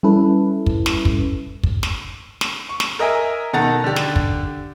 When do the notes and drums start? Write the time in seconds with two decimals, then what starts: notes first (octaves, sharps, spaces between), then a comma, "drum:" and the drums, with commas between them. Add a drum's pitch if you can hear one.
0.03 G3 C#4 E4 A4 B4
0.66 drum: kick
0.86 drum: snare
1.05 drum: kick
1.63 drum: kick
1.83 drum: snare
2.41 drum: snare
2.69 C#6
2.80 drum: snare
2.99 A#4 D#5 E5 G#5 A#5
3.53 B2 D#3 A4 F#5 A#5 A6
3.84 D3 G4
3.96 drum: snare
4.16 drum: kick